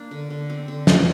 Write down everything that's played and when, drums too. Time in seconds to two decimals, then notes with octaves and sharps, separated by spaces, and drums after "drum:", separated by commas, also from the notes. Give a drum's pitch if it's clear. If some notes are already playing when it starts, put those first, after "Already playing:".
Already playing: A#3 D4
0.11 D3
0.30 D3
0.50 C4
0.68 D3
0.87 F3, drum: snare